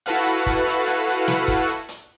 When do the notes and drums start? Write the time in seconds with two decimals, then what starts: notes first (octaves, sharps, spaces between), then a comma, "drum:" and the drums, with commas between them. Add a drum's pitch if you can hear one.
0.06 E4 F#4 A4 B4 F5 F#5, drum: hi-hat
0.26 drum: hi-hat
0.46 drum: kick, hi-hat
0.67 drum: hi-hat
0.87 drum: hi-hat
1.07 drum: hi-hat
1.28 drum: snare
1.48 drum: kick, hi-hat
1.68 drum: hi-hat
1.89 drum: hi-hat